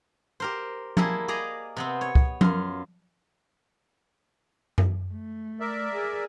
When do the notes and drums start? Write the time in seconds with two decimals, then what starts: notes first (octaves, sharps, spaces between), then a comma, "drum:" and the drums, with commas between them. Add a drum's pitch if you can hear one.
0.40 G4 A#4 C5
0.97 G3 A#3 E4 G#4 A#4 A5, drum: tom F3
1.28 G#4 D5 D#5 A#5
1.76 C3 B3 C4
2.01 C#5
2.15 drum: kick
2.41 F#2 F4, drum: tom F3
4.78 drum: tom F#2
5.13 A3
5.60 A#4 D5 E5
5.94 G#4